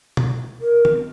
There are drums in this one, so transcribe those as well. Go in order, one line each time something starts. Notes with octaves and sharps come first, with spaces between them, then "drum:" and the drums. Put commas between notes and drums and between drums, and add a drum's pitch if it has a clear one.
drum: tom
A#4
drum: tom D#3